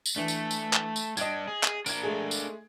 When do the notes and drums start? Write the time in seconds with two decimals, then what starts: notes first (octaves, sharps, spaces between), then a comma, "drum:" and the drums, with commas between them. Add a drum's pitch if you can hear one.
0.06 drum: tambourine
0.16 E3 A3 D4
0.28 drum: tambourine
0.51 drum: tambourine
0.73 drum: clap
0.96 drum: tambourine
1.17 G3 D4 D#5 G#6, drum: tambourine
1.47 G#4
1.63 drum: clap
1.86 D4 A#4 G#6 D7, drum: tambourine
2.03 G#3 A3 G#4
2.31 drum: tambourine